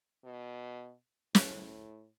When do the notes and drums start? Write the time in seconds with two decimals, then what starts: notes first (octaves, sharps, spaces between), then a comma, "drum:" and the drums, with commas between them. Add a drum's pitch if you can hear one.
0.24 B2
1.35 A2, drum: snare